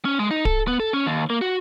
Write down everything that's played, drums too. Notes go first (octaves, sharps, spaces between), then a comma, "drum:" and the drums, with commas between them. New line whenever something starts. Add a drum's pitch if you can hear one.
C#4
G#3
D#4
A4, drum: kick D1
B3
A4
C#4
D#2
A#3
F#4